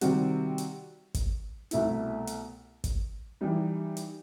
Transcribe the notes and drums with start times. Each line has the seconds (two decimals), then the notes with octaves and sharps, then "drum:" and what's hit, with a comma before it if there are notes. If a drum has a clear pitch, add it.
0.01 C3 D#3 G3 C4 F#4, drum: hi-hat
0.58 drum: hi-hat
1.14 drum: kick, hi-hat
1.71 C2 B2 A3 E4, drum: hi-hat
2.27 drum: hi-hat
2.84 drum: kick, hi-hat
3.41 E3 G3 D#4
3.97 drum: hi-hat